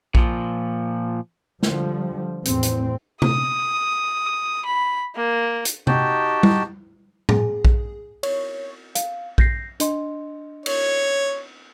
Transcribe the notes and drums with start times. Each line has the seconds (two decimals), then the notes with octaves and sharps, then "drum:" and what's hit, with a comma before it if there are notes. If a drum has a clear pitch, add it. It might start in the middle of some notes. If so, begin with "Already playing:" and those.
0.15 A#2 F3, drum: kick A#1
1.63 D3 F3 G3, drum: snare
2.45 E2 A2 C4, drum: hi-hat
2.63 drum: hi-hat
3.22 D#6, drum: tom C3
4.65 B5
5.16 A#3
5.65 drum: hi-hat
5.87 D#4 F#4 G4 G5 A5, drum: tom C3
6.43 drum: tom G3
7.29 G#4, drum: tom A2
7.65 drum: kick A#1
8.23 C#5, drum: cymbal
8.95 F5, drum: hi-hat
9.38 G6 A#6 C7, drum: kick A#1
9.80 D4 D#5 C6, drum: hi-hat
10.66 C#5, drum: cymbal